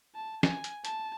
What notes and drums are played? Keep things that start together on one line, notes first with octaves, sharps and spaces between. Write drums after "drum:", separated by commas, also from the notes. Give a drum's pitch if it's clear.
A5
G#5, drum: snare
drum: hi-hat
A5, drum: hi-hat